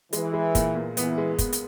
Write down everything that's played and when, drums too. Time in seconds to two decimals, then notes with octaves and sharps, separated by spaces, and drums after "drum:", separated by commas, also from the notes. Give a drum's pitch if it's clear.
0.13 E3 G#3, drum: hi-hat
0.33 G#3
0.55 A#2, drum: kick, hi-hat
0.75 A#2
0.97 E3 B3, drum: hi-hat
1.18 G#3
1.38 B3, drum: kick, hi-hat
1.53 drum: hi-hat